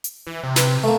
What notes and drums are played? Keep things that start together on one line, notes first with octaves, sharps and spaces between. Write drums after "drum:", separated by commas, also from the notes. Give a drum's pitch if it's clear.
drum: hi-hat
E3
C3
B4, drum: snare
A3 A#3